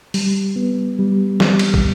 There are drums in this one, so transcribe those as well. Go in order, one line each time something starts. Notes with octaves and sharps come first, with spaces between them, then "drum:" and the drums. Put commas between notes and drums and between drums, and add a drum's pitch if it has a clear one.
G3, drum: open hi-hat
B3
G3
G3, drum: snare
drum: cymbal
drum: kick